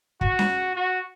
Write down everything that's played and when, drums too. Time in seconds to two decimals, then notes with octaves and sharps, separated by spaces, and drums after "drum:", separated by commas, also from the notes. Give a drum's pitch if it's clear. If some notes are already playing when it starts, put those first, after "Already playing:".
0.21 F#4, drum: kick
0.39 drum: snare C#4
0.76 F#4